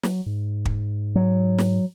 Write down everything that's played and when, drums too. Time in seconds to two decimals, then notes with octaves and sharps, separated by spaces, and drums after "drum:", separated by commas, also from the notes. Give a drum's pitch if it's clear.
0.03 F#3, drum: snare
0.26 G#2
0.65 drum: kick
1.15 F#3
1.58 drum: snare